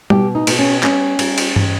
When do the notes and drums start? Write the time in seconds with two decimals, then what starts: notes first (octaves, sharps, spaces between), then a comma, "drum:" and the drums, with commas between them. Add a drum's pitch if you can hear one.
0.10 B2 G4, drum: tom G3
0.35 D#4
0.47 B2, drum: cymbal
0.59 C#4
0.83 G3 C#4, drum: clap
1.19 G3, drum: cymbal
1.38 drum: cymbal
1.56 G3, drum: tom G2